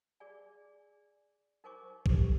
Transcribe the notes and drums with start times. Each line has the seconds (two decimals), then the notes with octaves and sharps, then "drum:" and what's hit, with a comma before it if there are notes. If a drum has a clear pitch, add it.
0.20 G#4 D5 G#5
1.64 D#4 A#4 C5 G#5 C#6 D6
2.06 G4 A4 C#6, drum: kick A#1